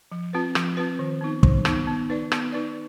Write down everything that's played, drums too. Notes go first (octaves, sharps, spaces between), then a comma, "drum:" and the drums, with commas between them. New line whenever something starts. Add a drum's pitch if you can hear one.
F3
C4 F4 B4
F3, drum: rim click
C4 F4 B4
D#3
B3 D#4
D#3, drum: kick
B3 D#4, drum: rim click
B3
D#4 B4 D5
B3, drum: rim click
D#4 B4 D5